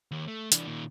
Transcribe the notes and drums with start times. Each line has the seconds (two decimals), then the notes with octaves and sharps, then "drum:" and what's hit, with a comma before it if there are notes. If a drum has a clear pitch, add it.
0.11 D#2
0.28 A3
0.52 E3 D4, drum: hi-hat
0.67 A#2 D#3